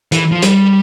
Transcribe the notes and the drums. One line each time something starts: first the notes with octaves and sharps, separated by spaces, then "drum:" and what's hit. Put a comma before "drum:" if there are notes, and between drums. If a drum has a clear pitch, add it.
E3, drum: hi-hat
F3
G3, drum: hi-hat